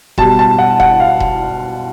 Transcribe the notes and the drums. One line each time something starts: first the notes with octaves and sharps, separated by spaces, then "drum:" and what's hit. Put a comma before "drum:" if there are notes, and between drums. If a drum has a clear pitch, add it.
B2 G3 A5, drum: kick E1
A5
F#5
F#5, drum: kick E1
F5
drum: kick E1